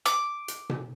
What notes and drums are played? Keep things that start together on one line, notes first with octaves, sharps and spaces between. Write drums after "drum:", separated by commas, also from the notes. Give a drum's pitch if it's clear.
D6, drum: hi-hat
drum: hi-hat
drum: tom B2